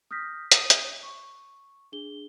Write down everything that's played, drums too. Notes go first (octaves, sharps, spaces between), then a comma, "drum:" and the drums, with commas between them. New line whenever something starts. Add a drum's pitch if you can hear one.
D#6 F6 G6 A#6 B6
D#6 D#7, drum: hi-hat
drum: hi-hat
C#6
D4 G#4 G7